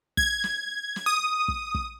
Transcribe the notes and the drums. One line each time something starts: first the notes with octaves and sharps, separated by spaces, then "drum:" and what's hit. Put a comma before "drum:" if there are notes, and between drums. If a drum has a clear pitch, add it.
G#6, drum: kick
drum: snare
drum: snare
D#6
drum: kick
drum: kick